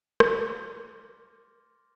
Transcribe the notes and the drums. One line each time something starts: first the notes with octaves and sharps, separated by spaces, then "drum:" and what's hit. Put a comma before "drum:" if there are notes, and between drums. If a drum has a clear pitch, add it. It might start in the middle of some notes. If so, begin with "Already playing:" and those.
C6 D6 F6 A6 A#6, drum: rim click